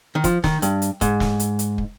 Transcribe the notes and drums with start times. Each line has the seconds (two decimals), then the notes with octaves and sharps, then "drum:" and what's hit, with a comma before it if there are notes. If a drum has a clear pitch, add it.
0.15 D#3
0.24 F3, drum: kick, hi-hat
0.44 D#3, drum: snare
0.62 G2, drum: hi-hat
0.82 drum: hi-hat
1.01 G#2, drum: kick, hi-hat
1.20 drum: snare
1.40 drum: hi-hat
1.59 drum: hi-hat
1.78 drum: kick